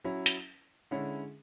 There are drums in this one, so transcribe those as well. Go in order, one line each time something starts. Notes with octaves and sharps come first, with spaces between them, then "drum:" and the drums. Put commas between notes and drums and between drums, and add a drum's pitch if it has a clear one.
F#3 C#4 E4
drum: hi-hat
D3 G#3 C#4 E4